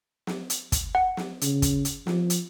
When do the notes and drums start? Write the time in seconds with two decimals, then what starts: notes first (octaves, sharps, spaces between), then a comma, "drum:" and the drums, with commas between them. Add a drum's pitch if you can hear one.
0.27 drum: snare
0.50 drum: hi-hat
0.72 drum: kick, hi-hat
0.95 F#5
1.17 drum: snare
1.41 C#3, drum: hi-hat
1.62 drum: kick, hi-hat
1.85 drum: hi-hat
2.07 F3, drum: snare
2.30 drum: hi-hat